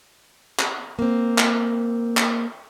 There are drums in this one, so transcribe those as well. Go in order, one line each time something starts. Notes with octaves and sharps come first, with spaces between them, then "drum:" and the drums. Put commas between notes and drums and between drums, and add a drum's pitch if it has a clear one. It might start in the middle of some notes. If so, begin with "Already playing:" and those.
drum: clap
A#3 C4
drum: clap
drum: clap